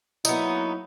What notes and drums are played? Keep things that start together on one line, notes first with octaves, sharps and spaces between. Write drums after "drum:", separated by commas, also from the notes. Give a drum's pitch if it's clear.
F#3 A#3 B3 D#4 E4, drum: tambourine